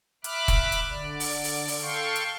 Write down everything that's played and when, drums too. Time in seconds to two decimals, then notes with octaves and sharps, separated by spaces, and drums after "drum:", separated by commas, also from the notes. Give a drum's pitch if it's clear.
0.24 E5 B5 D6 F6 F#6, drum: hi-hat
0.48 drum: kick E1, hi-hat
0.72 drum: hi-hat
0.89 D3 D5
1.20 drum: open hi-hat
1.44 drum: open hi-hat
1.68 drum: open hi-hat
1.82 A4 F5 G5 C6 C#6
2.16 drum: hi-hat